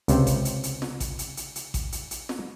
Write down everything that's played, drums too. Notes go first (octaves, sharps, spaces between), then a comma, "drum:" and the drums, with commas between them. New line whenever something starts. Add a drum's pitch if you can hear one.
C#2 C3 C5 G5, drum: hi-hat
drum: kick A1, hi-hat
drum: hi-hat
drum: hi-hat
drum: snare
drum: kick A1, hi-hat
drum: hi-hat
drum: hi-hat
drum: hi-hat
drum: kick A1, hi-hat
drum: hi-hat
drum: hi-hat
drum: snare